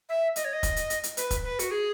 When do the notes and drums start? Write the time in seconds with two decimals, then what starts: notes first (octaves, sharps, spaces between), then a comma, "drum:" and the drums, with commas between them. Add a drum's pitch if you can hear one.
0.09 E5
0.36 D#5, drum: hi-hat
0.45 C#5
0.53 D#5
0.63 drum: kick, hi-hat
0.76 drum: hi-hat
0.90 drum: hi-hat
1.04 drum: hi-hat
1.17 B4, drum: hi-hat
1.31 drum: kick, hi-hat
1.44 B4
1.59 F#4, drum: hi-hat
1.71 G#4